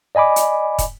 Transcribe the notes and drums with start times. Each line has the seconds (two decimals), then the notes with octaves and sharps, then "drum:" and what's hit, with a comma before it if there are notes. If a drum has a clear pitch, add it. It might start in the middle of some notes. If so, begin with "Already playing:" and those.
0.15 D5 D#5 G#5 B5 D6
0.36 drum: hi-hat
0.78 drum: kick, hi-hat